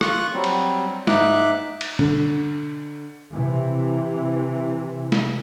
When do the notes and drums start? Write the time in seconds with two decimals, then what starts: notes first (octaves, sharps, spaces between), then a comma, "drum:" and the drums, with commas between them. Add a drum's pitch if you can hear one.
0.01 F4 C#6 F#6, drum: rim click
0.33 F#3 G3 C4
0.44 drum: cymbal
1.07 G#2 D#4 E5 D6 F#6, drum: snare
1.81 drum: cymbal
1.99 D3, drum: tom
3.33 C3 E3
5.12 drum: snare